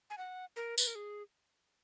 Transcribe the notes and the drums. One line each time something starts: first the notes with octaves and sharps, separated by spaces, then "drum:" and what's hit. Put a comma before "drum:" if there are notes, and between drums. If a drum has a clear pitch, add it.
G#5
F#5
A#4
B4, drum: tambourine
A#4
G#4